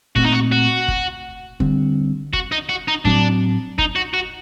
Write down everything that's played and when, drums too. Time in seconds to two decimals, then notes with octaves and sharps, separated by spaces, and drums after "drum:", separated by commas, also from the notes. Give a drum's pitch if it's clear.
0.16 A#2 A3 C4 F#4, drum: kick
0.24 D#4
0.32 F#4
0.52 F#4
0.88 drum: kick
1.60 D3 G3 C4, drum: kick
2.33 F#4, drum: kick
2.52 D#4
2.69 F#4
2.88 D#4
3.05 A2 F#3 C4 D4, drum: kick
3.78 D#4, drum: kick
3.96 F#4
4.14 F#4